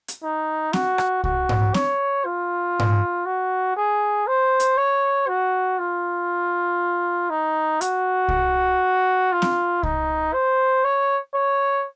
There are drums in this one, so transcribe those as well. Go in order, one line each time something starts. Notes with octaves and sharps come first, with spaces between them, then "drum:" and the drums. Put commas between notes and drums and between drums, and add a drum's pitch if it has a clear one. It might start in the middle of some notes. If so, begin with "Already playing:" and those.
drum: hi-hat
D#4
F#4, drum: snare C4
drum: rim click
F#4, drum: kick C2
drum: tom G#2
C#5, drum: snare C4
F4
drum: tom G#2
F#4
G#4
C5
drum: hi-hat
C#5
F#4
F4
D#4
F#4, drum: hi-hat
drum: kick C2
F4
drum: snare C4
D#4, drum: kick C2
C5
C#5
C#5